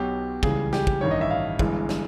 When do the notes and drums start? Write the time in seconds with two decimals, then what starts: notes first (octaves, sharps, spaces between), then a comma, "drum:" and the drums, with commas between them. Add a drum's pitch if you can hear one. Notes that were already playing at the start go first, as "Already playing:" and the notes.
Already playing: B1 B2 F#3 G4
0.43 C#2 C#3 E3 G3 G#4, drum: kick
0.73 G4, drum: snare
0.87 drum: kick
1.01 A1 G2 D#3 G3 C#5
1.11 D#5
1.21 E5
1.30 F5
1.59 G1 G2 E3 G#3, drum: kick
1.89 drum: snare